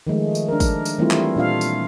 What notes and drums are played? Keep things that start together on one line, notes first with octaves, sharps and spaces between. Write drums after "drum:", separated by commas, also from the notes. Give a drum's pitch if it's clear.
D#3 F3 G#3 A3
drum: tambourine
D4 A#4
drum: kick, tambourine
drum: tambourine
E3 G3 A3 C4 E4 F4
drum: clap
A#2 D4 F4 F5
drum: tambourine